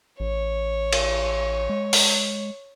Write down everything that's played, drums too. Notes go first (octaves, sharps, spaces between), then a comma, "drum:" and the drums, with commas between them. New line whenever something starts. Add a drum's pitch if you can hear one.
A1 C#5
drum: cymbal
G#3
drum: open hi-hat